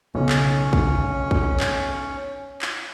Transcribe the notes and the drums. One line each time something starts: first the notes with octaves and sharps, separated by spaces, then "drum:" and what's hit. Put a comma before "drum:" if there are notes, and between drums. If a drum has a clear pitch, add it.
B1 C#3 B3 C#4
drum: clap
drum: kick
drum: kick
drum: clap
drum: clap